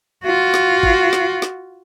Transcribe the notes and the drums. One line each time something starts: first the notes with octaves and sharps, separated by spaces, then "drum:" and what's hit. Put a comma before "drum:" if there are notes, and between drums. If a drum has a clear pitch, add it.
F4 F#4
drum: snare
drum: kick
drum: snare
drum: snare